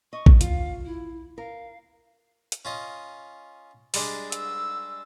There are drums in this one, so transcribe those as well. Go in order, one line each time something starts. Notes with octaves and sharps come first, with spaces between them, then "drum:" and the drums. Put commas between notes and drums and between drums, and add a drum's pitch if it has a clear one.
D#5 C#6
drum: kick A1
F4 F5, drum: hi-hat
E4
A#4 F5
drum: hi-hat
C#4 F4 D#5
G3 G#3 D4, drum: open hi-hat
E6, drum: hi-hat